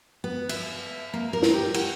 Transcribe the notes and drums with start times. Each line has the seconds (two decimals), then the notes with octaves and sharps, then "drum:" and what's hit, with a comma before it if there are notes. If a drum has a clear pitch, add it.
0.24 B3
0.49 E5, drum: cymbal
1.14 A#3
1.33 A#4
1.43 drum: snare
1.54 G4
1.74 F#5, drum: cymbal